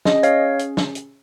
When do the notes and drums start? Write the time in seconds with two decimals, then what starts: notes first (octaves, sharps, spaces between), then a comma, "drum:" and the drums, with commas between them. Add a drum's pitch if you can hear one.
0.05 C#4 G#4 D#5, drum: snare
0.23 C#5 F5, drum: hi-hat
0.59 drum: hi-hat
0.77 drum: snare
0.95 drum: hi-hat